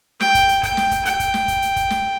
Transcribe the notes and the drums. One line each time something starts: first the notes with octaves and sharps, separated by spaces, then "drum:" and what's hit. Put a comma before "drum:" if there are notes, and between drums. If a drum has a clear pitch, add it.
G5, drum: snare
drum: kick, hi-hat
drum: hi-hat
G5, drum: kick, hi-hat
drum: snare
drum: kick, hi-hat
G5, drum: hi-hat
drum: kick, hi-hat
drum: snare
drum: kick, hi-hat
drum: hi-hat
drum: kick, hi-hat
drum: snare